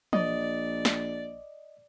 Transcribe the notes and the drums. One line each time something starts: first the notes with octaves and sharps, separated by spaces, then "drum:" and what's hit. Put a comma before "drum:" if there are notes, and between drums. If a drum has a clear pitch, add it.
A#1 D5 D#5, drum: tom
drum: snare